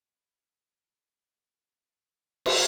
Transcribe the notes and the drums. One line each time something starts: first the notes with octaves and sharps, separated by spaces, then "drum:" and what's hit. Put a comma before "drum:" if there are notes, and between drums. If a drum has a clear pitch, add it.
D#5 B5 A#6
drum: cymbal